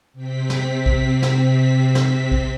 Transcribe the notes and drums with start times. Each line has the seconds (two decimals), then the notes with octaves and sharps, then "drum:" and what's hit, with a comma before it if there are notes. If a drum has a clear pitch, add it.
0.13 C3 C4 B6
0.50 drum: snare
0.86 drum: kick
1.22 drum: snare
1.95 drum: snare
2.31 drum: kick